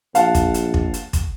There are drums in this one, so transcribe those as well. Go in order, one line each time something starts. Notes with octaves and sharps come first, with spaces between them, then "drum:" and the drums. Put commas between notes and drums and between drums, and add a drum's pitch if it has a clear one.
A#1 F5 F#5 A5, drum: hi-hat
drum: kick, hi-hat
drum: hi-hat
drum: kick
drum: hi-hat
drum: kick, hi-hat